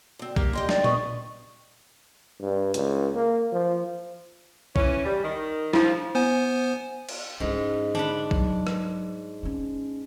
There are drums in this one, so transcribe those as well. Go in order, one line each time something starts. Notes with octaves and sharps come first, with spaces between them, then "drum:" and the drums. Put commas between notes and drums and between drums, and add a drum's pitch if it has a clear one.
D2 C4
A#3 G4, drum: kick A#1
G4 D#5 G5 C6
D5, drum: snare
B3 D#5 C#6, drum: tom A#2
G2
C#2, drum: hi-hat
A#3
F3
E3 C#4, drum: kick A#1
G3
D#3
F3 E4, drum: snare
B3 C5 G#5
drum: cymbal
G#2 C#4 E4
D4 F#5 B5, drum: tom D3
F#3, drum: kick A#1
drum: rim click
A#3 C#4